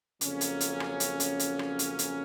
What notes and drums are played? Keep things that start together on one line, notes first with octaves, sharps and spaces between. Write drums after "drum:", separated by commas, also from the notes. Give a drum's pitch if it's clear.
F2 C#3 F#3 A#3 C#4, drum: hi-hat
drum: hi-hat
drum: hi-hat
drum: rim click
drum: hi-hat
drum: hi-hat
drum: hi-hat
drum: rim click
drum: hi-hat
drum: hi-hat